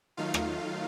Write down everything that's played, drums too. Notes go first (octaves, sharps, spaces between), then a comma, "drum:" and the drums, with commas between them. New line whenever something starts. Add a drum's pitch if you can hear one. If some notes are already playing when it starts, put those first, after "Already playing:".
D#3 F#3 A3 D#4 F4 F5
drum: rim click